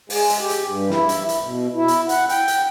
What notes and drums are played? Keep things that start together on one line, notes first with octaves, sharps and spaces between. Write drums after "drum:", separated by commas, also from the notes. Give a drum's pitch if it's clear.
G#3, drum: open hi-hat
drum: hi-hat
G4
drum: hi-hat
G2
E4, drum: snare
drum: hi-hat
drum: hi-hat
B2
E4
drum: hi-hat
F#5, drum: hi-hat
G5, drum: hi-hat
drum: hi-hat